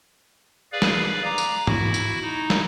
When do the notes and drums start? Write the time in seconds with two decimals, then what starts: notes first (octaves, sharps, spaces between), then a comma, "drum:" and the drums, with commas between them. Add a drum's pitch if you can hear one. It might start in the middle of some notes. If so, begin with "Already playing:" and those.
0.72 G#4 B4 D5 F5
0.82 drum: snare
1.25 A#5 D6
1.38 drum: tambourine
1.67 E4 F#4, drum: tom G#2
1.94 drum: tambourine
2.22 D#4
2.50 drum: snare